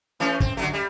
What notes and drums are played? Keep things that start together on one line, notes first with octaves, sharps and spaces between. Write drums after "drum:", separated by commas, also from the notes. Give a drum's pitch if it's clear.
E3 A3 C#4
C4, drum: kick
D3 F#3 A3
G3